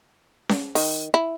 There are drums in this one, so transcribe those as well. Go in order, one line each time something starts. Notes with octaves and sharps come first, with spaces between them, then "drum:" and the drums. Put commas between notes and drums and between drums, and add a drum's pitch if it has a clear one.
drum: snare C#4
D#3, drum: open hi-hat
E4